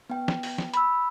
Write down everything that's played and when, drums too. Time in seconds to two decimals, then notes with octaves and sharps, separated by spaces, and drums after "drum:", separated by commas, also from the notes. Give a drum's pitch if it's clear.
0.10 B3 G5
0.28 drum: snare
0.43 drum: open hi-hat
0.58 drum: snare
0.74 B5 E6, drum: hi-hat